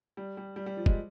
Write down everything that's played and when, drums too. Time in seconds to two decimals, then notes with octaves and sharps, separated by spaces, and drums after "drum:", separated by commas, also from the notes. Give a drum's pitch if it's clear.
0.17 G3
0.37 G3
0.56 G3
0.66 G3
0.77 F3
0.86 G#3, drum: kick